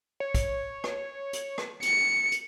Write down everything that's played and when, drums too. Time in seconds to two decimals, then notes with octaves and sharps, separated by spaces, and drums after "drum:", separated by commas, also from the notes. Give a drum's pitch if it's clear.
0.20 C#5
0.35 drum: kick, hi-hat
0.84 drum: rim click
1.33 drum: hi-hat
1.58 drum: rim click
1.83 C#7, drum: hi-hat
2.32 drum: hi-hat